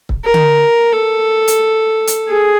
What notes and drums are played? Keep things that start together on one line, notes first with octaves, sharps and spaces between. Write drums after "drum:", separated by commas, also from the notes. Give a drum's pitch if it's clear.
drum: kick
A#4
drum: tom D3
A4
drum: hi-hat
drum: hi-hat
G#4